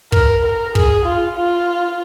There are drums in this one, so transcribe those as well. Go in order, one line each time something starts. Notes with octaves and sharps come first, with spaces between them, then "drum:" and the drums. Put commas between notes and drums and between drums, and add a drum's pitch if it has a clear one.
A#4, drum: kick
A#4
G#4, drum: kick
F4
F4